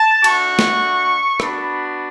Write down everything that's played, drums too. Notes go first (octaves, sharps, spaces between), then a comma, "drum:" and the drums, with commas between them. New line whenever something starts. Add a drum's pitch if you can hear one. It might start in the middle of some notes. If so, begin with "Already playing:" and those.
Already playing: A5
A3 D4 F#4 C#6, drum: cymbal
drum: snare
B3 D4 F#4 B5, drum: rim click